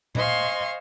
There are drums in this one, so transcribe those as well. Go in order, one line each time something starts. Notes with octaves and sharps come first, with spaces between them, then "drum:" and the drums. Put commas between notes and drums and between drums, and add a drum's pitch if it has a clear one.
C5 D#5 F5 G#5 C6 C#6, drum: tom A#2